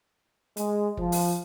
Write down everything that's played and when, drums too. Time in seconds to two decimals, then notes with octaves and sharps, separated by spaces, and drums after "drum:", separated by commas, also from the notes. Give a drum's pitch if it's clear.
0.57 G#3, drum: hi-hat
0.97 F3, drum: kick
1.12 drum: open hi-hat